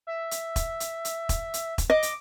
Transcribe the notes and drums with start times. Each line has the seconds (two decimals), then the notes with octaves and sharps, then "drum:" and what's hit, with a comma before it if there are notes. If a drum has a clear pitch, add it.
0.07 E5
0.31 drum: hi-hat
0.56 drum: kick E1, hi-hat
0.80 drum: hi-hat
1.05 drum: hi-hat
1.29 drum: kick E1, hi-hat
1.54 drum: hi-hat
1.78 drum: kick E1, hi-hat
1.90 D#5 D6
2.03 drum: hi-hat